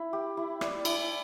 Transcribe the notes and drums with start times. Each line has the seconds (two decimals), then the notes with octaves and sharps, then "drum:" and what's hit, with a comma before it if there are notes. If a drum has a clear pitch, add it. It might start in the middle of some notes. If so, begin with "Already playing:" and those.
Already playing: E4
0.13 G4
0.37 E4
0.61 D5, drum: rim click
0.85 E4, drum: cymbal